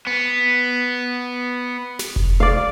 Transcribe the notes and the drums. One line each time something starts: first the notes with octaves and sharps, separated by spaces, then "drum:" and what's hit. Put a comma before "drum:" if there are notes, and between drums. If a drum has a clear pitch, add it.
B3
drum: snare
drum: kick F1
D5 F5